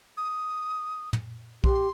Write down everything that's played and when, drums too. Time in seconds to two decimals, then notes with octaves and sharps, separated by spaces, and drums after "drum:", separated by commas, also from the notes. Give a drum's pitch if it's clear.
0.17 D#6
1.13 drum: tom
1.64 G4 C6, drum: kick